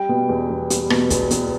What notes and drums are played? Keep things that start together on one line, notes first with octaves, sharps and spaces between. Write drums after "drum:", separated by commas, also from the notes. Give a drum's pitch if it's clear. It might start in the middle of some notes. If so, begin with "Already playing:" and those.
Already playing: G3 G5
B2
E2
E2
G3, drum: hi-hat
B2, drum: rim click
E2, drum: kick, hi-hat
E2, drum: hi-hat